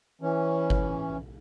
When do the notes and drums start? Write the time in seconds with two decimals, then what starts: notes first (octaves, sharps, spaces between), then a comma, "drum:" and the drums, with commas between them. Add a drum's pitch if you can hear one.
0.21 E3 C#4
0.70 drum: kick G1